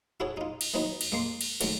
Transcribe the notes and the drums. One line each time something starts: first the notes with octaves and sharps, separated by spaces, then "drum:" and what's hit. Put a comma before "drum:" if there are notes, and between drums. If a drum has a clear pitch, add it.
E4 F#4 G#4 A4 C#5
D#4 F4
drum: cymbal
D#3 E3 F#3 B3 D#4
drum: cymbal
G#3 A#3 C6
drum: cymbal
D#3 F#3 G#3 A3, drum: cymbal